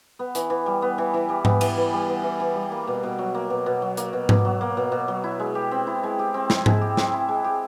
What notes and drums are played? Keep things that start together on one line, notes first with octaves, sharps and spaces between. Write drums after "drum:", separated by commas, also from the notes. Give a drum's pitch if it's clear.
B3
E3, drum: hi-hat
E3
G3
B3
E3
E3
G3
B3, drum: tom G#2
E3, drum: cymbal
E3
G3
B3
E3
E3
G3
A#3
B2
B2
F#3
A#3
B2
B2
F#3
A#3, drum: hi-hat
B2
B2, drum: tom G#2
F#3
A#3
B2
B2
F#3
E4
G#3
G4
C4
E4
G#3
G4
C4
E4, drum: snare
G#3, drum: tom G#2
G4
C4, drum: snare
E4
G#3
G4